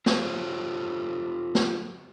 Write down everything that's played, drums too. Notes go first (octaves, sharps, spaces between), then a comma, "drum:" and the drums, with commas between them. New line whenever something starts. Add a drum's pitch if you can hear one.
F4 G4 A4 C5 C#5, drum: snare
drum: snare